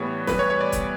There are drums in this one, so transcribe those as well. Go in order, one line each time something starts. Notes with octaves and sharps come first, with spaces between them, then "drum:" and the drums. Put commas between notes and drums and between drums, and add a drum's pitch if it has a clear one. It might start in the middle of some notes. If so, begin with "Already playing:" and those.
Already playing: A2 E3 G3 B3 C#5
B4, drum: snare
C#5
C#5
D5
drum: kick C#1, hi-hat